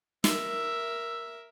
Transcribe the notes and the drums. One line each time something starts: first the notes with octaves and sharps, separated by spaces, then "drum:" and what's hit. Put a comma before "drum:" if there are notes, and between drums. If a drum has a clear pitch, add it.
A#4 E5, drum: snare